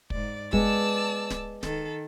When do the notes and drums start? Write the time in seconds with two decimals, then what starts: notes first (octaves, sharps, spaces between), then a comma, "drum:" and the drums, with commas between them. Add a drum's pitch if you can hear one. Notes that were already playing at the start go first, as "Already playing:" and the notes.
0.10 G#2 D5, drum: kick
0.53 G#3 B3 D5 A5 E6, drum: kick
1.30 drum: snare D1
1.63 D#3 A4, drum: snare D1